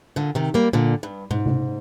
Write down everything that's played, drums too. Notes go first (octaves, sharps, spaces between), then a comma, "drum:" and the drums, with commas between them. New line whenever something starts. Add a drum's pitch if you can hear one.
A#2 D3
C3 D#3
G3 A#3
A#2 D3
G2
G#2, drum: tom
drum: tom C3